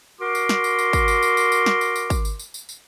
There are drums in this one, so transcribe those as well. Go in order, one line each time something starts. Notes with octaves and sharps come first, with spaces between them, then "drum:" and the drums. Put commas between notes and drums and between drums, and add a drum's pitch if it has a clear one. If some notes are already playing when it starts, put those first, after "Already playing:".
F#4 A#4 C6 D6
drum: tambourine
drum: snare
drum: tambourine
drum: tambourine
drum: kick, tambourine
drum: tambourine
drum: tambourine
drum: tambourine
drum: tambourine
drum: snare
drum: tambourine
drum: tambourine
drum: kick, tambourine
drum: tambourine
drum: tambourine
drum: tambourine
drum: tambourine